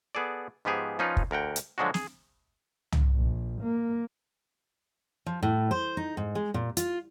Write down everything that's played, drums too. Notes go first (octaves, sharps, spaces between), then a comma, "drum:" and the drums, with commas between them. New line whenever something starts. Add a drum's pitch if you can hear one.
B3 G#4 A4 D5
G#2 F3 B3 G4 G#4
F3 C#4 D#4 F4 B4
drum: kick
D2 A#4 F#5 G5
drum: hi-hat
D3 F3 F#3 G#3 D4 F#4
G#4, drum: snare
drum: tom
A#1
A#3
F3
A2
C5
D#4
G#2
G#3
A#2
F4, drum: hi-hat